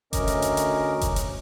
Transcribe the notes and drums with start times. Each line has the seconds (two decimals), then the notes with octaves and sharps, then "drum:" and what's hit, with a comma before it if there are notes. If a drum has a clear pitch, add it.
0.13 D2 C#4 A#4 D#5 D6, drum: kick F#1, hi-hat
0.27 drum: hi-hat
0.42 drum: hi-hat
0.57 drum: hi-hat
1.01 drum: kick F#1, hi-hat
1.16 drum: hi-hat